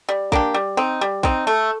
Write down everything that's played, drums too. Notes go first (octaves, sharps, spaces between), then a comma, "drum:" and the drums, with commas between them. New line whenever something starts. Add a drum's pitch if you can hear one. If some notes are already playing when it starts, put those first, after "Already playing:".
G3
A#3 D4 G4, drum: kick
G3
C4 D#4
G3
C4 D#4, drum: kick
A3